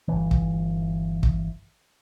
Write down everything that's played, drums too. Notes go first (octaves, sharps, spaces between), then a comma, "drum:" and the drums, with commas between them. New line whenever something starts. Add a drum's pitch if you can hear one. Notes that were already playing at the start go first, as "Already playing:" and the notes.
G1 E3
drum: kick
drum: kick